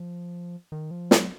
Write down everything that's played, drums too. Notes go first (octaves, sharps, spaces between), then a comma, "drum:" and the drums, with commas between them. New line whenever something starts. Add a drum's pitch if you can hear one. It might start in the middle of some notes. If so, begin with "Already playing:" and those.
Already playing: F3
D#3
F3
F#3, drum: snare